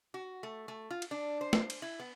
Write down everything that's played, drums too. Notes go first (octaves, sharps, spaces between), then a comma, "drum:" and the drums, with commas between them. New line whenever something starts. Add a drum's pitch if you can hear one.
F#4
A3
A3
F4
drum: cymbal
D4
C5
drum: snare
drum: cymbal
E4
B3